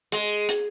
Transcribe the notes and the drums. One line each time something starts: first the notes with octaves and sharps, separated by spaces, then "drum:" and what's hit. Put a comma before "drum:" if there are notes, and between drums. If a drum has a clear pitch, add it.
G#3, drum: hi-hat
drum: hi-hat